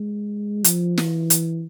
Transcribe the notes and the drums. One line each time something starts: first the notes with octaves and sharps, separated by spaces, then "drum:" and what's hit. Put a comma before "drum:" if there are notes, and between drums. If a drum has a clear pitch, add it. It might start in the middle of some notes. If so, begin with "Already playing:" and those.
Already playing: G#3
F3, drum: hi-hat
E3, drum: snare
drum: hi-hat